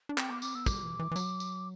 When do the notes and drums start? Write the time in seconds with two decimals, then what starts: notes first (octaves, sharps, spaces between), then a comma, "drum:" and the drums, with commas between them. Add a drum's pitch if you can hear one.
0.09 D4
0.18 C4 G5, drum: clap
0.30 B3 D6
0.42 C4 D6, drum: tambourine
0.55 B3 E6
0.66 G3 D6, drum: kick, tambourine
0.83 E3
0.99 E3
1.11 E3
1.16 F#3, drum: tambourine
1.40 drum: tambourine